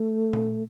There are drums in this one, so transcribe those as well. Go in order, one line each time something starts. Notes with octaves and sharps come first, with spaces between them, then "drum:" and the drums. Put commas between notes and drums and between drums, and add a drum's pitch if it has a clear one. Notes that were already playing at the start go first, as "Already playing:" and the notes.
Already playing: A3
drum: tom A#2